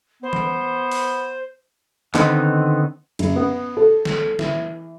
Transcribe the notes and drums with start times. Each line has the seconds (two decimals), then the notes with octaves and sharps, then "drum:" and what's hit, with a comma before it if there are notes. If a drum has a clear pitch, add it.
0.23 B3 C5
0.33 drum: tom E3
0.91 drum: open hi-hat
2.15 D3 D#3 B3 C4 D#4, drum: clap
3.19 F#1, drum: cymbal
3.36 B3
3.77 A4
4.05 drum: snare
4.39 E3, drum: snare